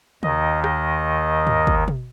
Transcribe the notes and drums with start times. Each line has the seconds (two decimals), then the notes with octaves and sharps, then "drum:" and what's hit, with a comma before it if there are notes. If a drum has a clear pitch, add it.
0.23 D#2 D#3 D#5, drum: tom C3
0.64 D#5, drum: rim click
1.47 drum: tom G2
1.67 drum: kick
1.88 drum: tom B2